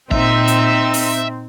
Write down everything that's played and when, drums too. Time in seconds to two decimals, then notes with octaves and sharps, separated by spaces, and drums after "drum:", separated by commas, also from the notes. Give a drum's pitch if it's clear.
0.11 A#2 C4 D#4 E5, drum: kick
0.48 drum: hi-hat
0.94 drum: open hi-hat